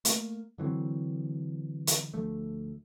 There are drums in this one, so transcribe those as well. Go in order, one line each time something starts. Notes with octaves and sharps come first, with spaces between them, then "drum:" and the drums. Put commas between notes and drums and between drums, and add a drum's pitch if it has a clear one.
A3 A#3, drum: hi-hat
D3 E3 F#3 C4
drum: hi-hat
D2 F3 A3